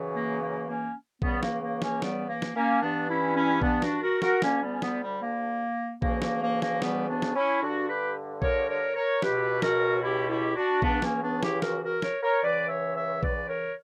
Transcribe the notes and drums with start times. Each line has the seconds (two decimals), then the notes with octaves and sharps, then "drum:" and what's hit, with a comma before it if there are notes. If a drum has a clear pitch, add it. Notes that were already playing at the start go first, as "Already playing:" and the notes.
Already playing: F#2 C#3 E3
0.16 A#3
0.42 A#3
0.68 A#3 C#4
1.22 C#2 C#3 E3 G3 B3, drum: kick A#1
1.43 A#3, drum: snare
1.62 A#3
1.82 A#3 C#4, drum: snare
2.02 G3 B3, drum: snare
2.28 A#3
2.42 drum: snare
2.55 A#3 C#4
2.82 G2 E3 B3 D4
3.09 C#4 E4
3.35 C#4 E4
3.62 B3 D4, drum: kick A#1
3.82 D4 F#4, drum: snare
4.02 F#4 A#4
4.22 F#4 A#4, drum: snare
4.42 D2 D3 A#3 C#4, drum: snare
4.62 G3 B3
4.73 C#4
4.82 G3 B3, drum: snare
5.02 G3
5.22 A#3
6.02 D2 C#3 E3 A#3, drum: kick A#1
6.22 A#3, drum: snare
6.42 A#3
6.62 A#3, drum: snare
6.82 G3 B3, drum: snare
7.09 B3 D4
7.22 drum: snare
7.36 C#4 E4
7.62 G2 D3 D4 F#4
7.88 G4 B4
8.42 A#4 C#5, drum: kick A#1
8.69 A#4 C#5
8.96 A#4 C#5
9.22 C#2 B2 G4 B4, drum: snare
9.62 F#4 A#4, drum: snare
10.03 E4 G4
10.29 E4 G4
10.56 D4 F#4
10.82 C#2 C#3 E3 B3 D4, drum: kick A#1
11.02 A#3 C#4, drum: snare
11.22 B3 D4
11.43 E4 G4, drum: snare
11.62 F#4 A#4, drum: snare
11.83 F#4 A#4
12.02 A#4 C#5, drum: snare
12.22 A#4 C#5
12.42 C#2 C#3 E3 B4 D5
12.69 C#5 E5
12.96 C#5 E5
13.23 B4 D5, drum: kick A#1
13.49 A#4 C#5